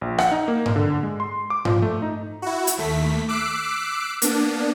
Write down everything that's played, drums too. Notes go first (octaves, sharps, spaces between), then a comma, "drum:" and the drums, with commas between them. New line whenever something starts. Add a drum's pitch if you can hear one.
A#1
F#5, drum: rim click
D#4
A#3
drum: tom G#2
D3
G#3
C6
D6
F3, drum: tom G#2
A3
D#4
E4 F#4
drum: hi-hat
D#2 A3 B6
D6 E6 F#6 B6 C7 D7
A#3 B3 D4, drum: hi-hat